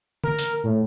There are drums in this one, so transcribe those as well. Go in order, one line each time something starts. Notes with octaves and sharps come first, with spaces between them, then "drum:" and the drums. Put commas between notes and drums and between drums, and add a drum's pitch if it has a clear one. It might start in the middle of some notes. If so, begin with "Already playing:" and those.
A#4, drum: tom D3
drum: hi-hat
A2